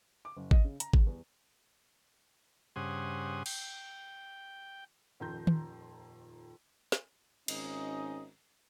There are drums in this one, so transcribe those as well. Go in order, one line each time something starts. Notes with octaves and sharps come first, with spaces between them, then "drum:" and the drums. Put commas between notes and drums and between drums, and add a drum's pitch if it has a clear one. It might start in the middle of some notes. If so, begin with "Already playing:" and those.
D6
F#1
D#5, drum: kick G#1
C#3
A#5, drum: hi-hat
D#1, drum: kick G#1
E2
G2 C#3 C5 F#5 G#5 D#6
G5, drum: cymbal
D#1 F2 D#3 A#5 C6 G6
drum: tom D#3
drum: snare
G#1 C#4 D#4 D#5, drum: cymbal